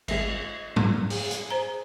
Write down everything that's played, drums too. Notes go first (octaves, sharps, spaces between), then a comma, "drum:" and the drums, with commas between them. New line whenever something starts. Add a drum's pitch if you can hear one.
G#1 G#3 E5, drum: cymbal
drum: tom
G#4, drum: open hi-hat
drum: hi-hat
C5 A#5